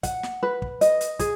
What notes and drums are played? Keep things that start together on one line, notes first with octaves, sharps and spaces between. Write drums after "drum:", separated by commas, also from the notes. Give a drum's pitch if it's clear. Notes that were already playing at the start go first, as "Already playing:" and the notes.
F#5, drum: kick, hi-hat
drum: snare
B4
drum: kick
D#5, drum: hi-hat
drum: hi-hat
G#4, drum: kick, hi-hat